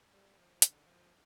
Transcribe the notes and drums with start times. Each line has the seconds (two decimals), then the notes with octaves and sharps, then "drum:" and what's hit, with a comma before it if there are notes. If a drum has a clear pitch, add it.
0.14 G3
0.38 F3
0.62 D3, drum: hi-hat
0.87 F3